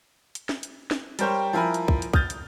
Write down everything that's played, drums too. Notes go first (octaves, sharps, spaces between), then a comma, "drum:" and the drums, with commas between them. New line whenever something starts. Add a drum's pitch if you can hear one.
drum: hi-hat
drum: snare
drum: hi-hat
drum: snare
G3 G4 A#4 C5 C#5 G5, drum: hi-hat
F3 E4 A#4 G#5 B5
drum: hi-hat
drum: kick
drum: hi-hat
D#6 F6 G6 A6, drum: kick
drum: hi-hat